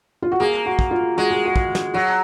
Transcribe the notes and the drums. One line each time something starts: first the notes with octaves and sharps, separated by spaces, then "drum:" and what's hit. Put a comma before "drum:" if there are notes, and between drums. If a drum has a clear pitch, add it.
F4
F#4
A#3 G#4
F#4
drum: kick
F4
G#3 F#4
G#4
F#4
drum: kick
drum: snare
F#3 F#4